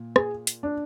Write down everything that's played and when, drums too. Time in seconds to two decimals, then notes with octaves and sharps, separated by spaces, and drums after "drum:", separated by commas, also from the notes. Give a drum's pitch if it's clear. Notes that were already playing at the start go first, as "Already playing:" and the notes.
Already playing: A#2
0.16 G#4, drum: rim click
0.47 drum: hi-hat
0.63 D4